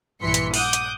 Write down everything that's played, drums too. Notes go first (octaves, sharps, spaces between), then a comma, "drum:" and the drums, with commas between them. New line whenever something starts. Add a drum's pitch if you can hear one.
A#1 G2 E3 C6 B6 C#7
drum: hi-hat
F#5 D6 D#6 G6, drum: open hi-hat
drum: hi-hat